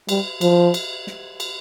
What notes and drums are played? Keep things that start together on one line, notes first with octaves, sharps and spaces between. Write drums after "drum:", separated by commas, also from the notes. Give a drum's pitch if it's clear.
G3, drum: cymbal
F3, drum: cymbal
drum: cymbal
drum: snare
drum: cymbal